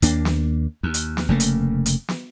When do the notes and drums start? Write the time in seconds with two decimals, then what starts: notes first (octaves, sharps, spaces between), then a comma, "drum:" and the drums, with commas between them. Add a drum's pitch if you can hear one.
0.02 D#2 A#3 D4, drum: hi-hat
0.25 drum: snare
0.83 D#2
0.94 drum: hi-hat
1.17 drum: snare
1.29 F1 C#3 A3 A#3
1.40 drum: hi-hat
1.86 drum: hi-hat
2.09 drum: snare